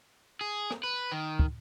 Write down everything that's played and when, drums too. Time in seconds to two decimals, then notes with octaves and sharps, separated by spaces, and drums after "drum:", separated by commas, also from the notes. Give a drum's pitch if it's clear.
0.41 G#4
0.71 drum: rim click
0.84 B4
1.12 D#3
1.39 drum: kick